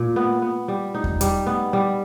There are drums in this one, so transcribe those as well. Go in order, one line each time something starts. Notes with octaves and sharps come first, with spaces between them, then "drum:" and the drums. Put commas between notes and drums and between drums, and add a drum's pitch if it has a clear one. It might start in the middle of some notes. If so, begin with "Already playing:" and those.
Already playing: A#2
B3
B3
G3
D#4
drum: kick E2
G3, drum: hi-hat
B3
G3